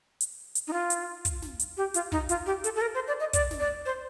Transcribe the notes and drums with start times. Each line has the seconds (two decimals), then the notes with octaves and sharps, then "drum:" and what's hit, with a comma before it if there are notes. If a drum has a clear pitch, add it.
0.21 drum: hi-hat
0.55 drum: hi-hat
0.67 D#4
0.73 F4
0.90 drum: hi-hat
1.25 drum: kick, hi-hat
1.42 drum: snare
1.60 drum: hi-hat
1.77 G4
1.94 F4, drum: hi-hat
2.12 D#4, drum: kick
2.29 F4, drum: hi-hat
2.46 G4
2.64 A4, drum: hi-hat
2.76 A4
2.81 A#4
2.95 C5
3.08 D5
3.20 D#5
3.33 D5, drum: kick, hi-hat
3.51 drum: snare
3.60 D5
3.86 C5